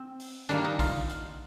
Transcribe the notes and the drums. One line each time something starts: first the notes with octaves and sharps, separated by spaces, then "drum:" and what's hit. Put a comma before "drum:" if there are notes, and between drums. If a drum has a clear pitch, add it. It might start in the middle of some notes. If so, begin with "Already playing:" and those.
Already playing: C4
drum: open hi-hat
D#3 G3 A#3 D4, drum: hi-hat
D#4
F4, drum: kick, open hi-hat
drum: hi-hat